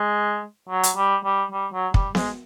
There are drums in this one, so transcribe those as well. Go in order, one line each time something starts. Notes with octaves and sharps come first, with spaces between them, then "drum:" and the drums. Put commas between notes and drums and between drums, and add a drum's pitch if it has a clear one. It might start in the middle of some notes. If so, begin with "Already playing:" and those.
Already playing: G#3
F#3
drum: hi-hat
G3
G3
G3
F#3
G3, drum: kick
G#3, drum: snare B3